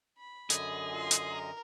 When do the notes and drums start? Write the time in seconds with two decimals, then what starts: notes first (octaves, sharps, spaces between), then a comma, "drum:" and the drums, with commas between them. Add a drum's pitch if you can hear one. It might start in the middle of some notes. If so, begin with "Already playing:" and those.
0.18 B5
0.50 F#2 D3 G#4 D#5, drum: hi-hat
0.91 F4 C6
1.11 drum: hi-hat
1.30 A#4